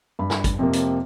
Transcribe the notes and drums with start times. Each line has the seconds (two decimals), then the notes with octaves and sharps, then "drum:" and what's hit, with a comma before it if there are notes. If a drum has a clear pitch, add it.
0.19 G2 B5
0.30 drum: snare
0.44 drum: kick, hi-hat
0.59 F2 C3 A#3
0.73 drum: hi-hat